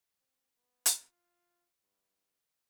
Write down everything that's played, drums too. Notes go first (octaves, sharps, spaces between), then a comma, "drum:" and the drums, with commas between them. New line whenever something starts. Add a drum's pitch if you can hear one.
C4
B3
drum: hi-hat
F4
G2